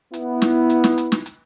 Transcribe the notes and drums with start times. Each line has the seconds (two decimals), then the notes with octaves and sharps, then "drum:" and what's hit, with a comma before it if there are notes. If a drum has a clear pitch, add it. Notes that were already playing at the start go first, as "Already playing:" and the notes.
0.14 B3 E4, drum: hi-hat
0.42 drum: snare
0.70 drum: hi-hat
0.84 drum: snare
0.98 drum: hi-hat
1.12 drum: snare
1.26 drum: hi-hat